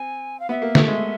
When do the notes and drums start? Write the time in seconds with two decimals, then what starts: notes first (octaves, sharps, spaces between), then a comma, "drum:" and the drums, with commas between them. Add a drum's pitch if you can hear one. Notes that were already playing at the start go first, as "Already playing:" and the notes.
Already playing: C4 G#5
0.39 F5
0.49 B3 E5
0.62 A#3
0.75 A3, drum: snare
0.88 G#3